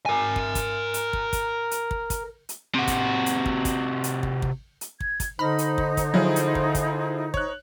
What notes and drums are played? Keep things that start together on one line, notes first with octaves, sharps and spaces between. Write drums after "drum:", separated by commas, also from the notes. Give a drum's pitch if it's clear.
A#4 G#5
drum: kick
drum: kick, hi-hat
drum: hi-hat
drum: kick
drum: kick, hi-hat
drum: hi-hat
drum: kick
drum: kick, hi-hat
drum: hi-hat
C3 F#4
drum: kick, hi-hat
drum: hi-hat
drum: kick
drum: kick, hi-hat
drum: hi-hat
drum: kick
drum: kick
drum: hi-hat
G#6, drum: kick
drum: kick, hi-hat
D3 D#4 C5 B5 F6 A#6
drum: hi-hat
drum: kick
drum: kick, hi-hat
F3 F#3 E4 F4 G#4
drum: hi-hat
drum: kick
drum: kick, hi-hat
C#5 F#6, drum: kick